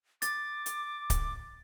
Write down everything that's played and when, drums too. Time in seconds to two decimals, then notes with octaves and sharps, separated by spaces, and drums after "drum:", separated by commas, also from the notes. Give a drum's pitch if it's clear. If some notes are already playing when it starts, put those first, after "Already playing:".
0.22 D6 A6, drum: hi-hat
0.66 drum: hi-hat
1.10 drum: kick D1, hi-hat